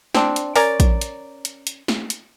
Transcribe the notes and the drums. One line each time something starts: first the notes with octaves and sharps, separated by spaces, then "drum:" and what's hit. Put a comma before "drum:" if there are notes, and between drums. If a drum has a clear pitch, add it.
C4 D4, drum: snare
drum: hi-hat
C#4 A#4 D5, drum: open hi-hat
drum: kick, hi-hat
drum: hi-hat
drum: hi-hat
drum: hi-hat
drum: snare
drum: hi-hat